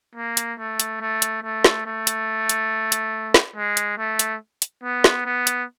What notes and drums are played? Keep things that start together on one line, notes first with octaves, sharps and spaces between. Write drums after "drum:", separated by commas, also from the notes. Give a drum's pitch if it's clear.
A#3
drum: hi-hat
A3
drum: hi-hat
A3
drum: hi-hat
A3
drum: snare
A3
drum: hi-hat
drum: hi-hat
drum: hi-hat
drum: snare
G#3
drum: hi-hat
A3
drum: hi-hat
drum: hi-hat
B3
drum: snare
B3
drum: hi-hat